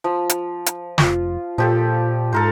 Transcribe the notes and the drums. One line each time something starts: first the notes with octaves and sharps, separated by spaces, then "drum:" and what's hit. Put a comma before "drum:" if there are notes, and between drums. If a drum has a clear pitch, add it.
F3
drum: hi-hat
drum: hi-hat
F1 F4, drum: snare
A#2 F3 G4 A4
G#2 A4 A#4 C5